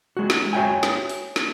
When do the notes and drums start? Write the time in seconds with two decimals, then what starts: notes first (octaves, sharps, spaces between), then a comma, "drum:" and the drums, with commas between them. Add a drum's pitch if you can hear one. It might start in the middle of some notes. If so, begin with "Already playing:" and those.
0.17 G#3 F#4
0.30 drum: snare
0.53 F#4 C#5 D#5 E5 G5 G#5
0.83 drum: snare
1.09 drum: open hi-hat
1.36 drum: snare